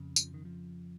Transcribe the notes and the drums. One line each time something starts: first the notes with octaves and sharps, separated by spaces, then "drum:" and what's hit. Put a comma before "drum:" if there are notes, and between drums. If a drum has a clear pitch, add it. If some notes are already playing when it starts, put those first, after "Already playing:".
Already playing: F2 C#3
F3, drum: tambourine
D#3
F3